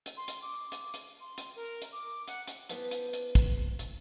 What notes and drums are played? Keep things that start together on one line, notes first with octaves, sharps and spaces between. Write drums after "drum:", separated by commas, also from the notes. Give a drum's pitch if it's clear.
drum: hi-hat
C6
drum: hi-hat
D6
drum: hi-hat
drum: hi-hat
C6
drum: hi-hat
A#4
drum: hi-hat
D6
F#5, drum: hi-hat
drum: hi-hat
B3 E4 G4 B4 C5 A5, drum: hi-hat
drum: hi-hat
drum: hi-hat
drum: kick, hi-hat
drum: hi-hat